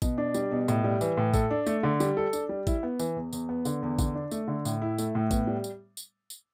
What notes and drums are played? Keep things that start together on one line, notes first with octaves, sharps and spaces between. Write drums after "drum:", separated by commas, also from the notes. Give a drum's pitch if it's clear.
B2, drum: kick A1, tambourine
D4
G3, drum: tambourine
B2
A2, drum: tambourine
G3
E3, drum: tambourine
A2
A4, drum: kick A1, tambourine
D4
A3, drum: tambourine
D3
G3, drum: tambourine
A4
D4, drum: tambourine
G3
E4, drum: kick A1, tambourine
B3
E3, drum: tambourine
E2
E2, drum: tambourine
B3
D3, drum: tambourine
E2
D3, drum: kick A1, tambourine
D4
A3, drum: tambourine
D3
A2, drum: tambourine
E4
A3, drum: tambourine
A2
B3, drum: kick A1, tambourine
G3
drum: tambourine
drum: tambourine
drum: tambourine